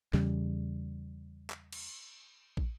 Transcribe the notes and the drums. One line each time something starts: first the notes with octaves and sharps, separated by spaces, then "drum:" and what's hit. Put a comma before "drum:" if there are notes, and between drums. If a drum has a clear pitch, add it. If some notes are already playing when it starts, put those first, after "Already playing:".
E2 C#3 G3, drum: snare
drum: clap
drum: cymbal
drum: kick